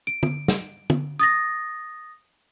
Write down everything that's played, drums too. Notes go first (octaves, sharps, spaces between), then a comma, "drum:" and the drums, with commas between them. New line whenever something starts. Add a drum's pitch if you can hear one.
D7
drum: tom
drum: snare
drum: tom
D#6 A6 A#6